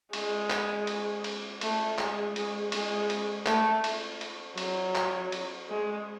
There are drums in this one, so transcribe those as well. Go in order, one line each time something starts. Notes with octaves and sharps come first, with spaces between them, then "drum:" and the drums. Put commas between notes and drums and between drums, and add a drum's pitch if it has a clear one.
G#3, drum: cymbal
drum: clap
drum: cymbal
drum: cymbal
A3, drum: cymbal
G#3, drum: clap
G#3, drum: cymbal
G#3, drum: cymbal
drum: cymbal
A3, drum: clap
drum: cymbal
drum: cymbal
F#3, drum: cymbal
drum: clap
drum: cymbal
G#3